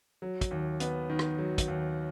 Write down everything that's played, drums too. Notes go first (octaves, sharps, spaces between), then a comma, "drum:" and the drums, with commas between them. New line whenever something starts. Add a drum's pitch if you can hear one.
F#3
drum: kick, hi-hat
D#2
B3, drum: hi-hat
D#3
drum: rim click
F#3
drum: kick, hi-hat
D#2